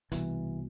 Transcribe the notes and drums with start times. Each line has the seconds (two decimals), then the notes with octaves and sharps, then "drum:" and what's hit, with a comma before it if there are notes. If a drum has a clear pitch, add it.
0.12 C2 B2 E3, drum: hi-hat